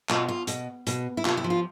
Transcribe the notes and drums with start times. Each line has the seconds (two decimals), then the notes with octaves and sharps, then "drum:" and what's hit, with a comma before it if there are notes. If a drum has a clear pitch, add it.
0.09 B2 F4, drum: clap
0.29 F4
0.47 B2, drum: hi-hat
0.87 B2, drum: hi-hat
1.17 E4
1.25 C3 F4, drum: clap
1.37 E4
1.44 F3
1.50 F4